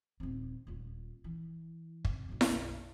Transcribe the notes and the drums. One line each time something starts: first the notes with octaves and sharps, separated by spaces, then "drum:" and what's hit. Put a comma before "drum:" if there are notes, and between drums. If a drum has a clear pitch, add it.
D#1 C4
D#1 F4
E3
C3, drum: kick
F#1 B1
drum: snare E4